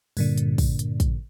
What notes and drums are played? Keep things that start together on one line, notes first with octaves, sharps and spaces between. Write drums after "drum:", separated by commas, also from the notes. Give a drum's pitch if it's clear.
G2 A#2 D3, drum: open hi-hat
drum: hi-hat
drum: kick, open hi-hat
drum: hi-hat
drum: kick, hi-hat